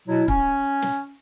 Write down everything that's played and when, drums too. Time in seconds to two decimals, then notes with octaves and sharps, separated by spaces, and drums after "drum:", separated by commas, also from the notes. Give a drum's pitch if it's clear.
0.07 B2 F#3 E4
0.28 C#4, drum: kick
0.82 drum: snare